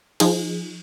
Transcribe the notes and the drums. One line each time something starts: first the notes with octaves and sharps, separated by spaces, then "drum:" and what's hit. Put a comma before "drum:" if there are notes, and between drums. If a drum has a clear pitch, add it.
F3 D#4 G#4, drum: cymbal